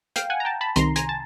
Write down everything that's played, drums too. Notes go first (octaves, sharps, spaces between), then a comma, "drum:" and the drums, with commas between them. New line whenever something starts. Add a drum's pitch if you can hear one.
F5 G5, drum: hi-hat
F#5 G#5
A#5
G5 A5
A5 B5
C2 C3 D#3 A#5 C6, drum: hi-hat
G#5 A#5, drum: hi-hat
A5